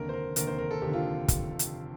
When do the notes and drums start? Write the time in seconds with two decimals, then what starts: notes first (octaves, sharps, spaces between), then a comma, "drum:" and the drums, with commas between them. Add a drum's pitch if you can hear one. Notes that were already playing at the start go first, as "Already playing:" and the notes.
Already playing: F1 D#2 D3 A#4
0.09 C5
0.13 A#4
0.36 F1 D#2 D3 A#4, drum: hi-hat
0.47 C5
0.58 A#4
0.71 A4
0.82 F1 D#2 D3 G4
0.93 F4
1.28 drum: kick, hi-hat
1.59 drum: hi-hat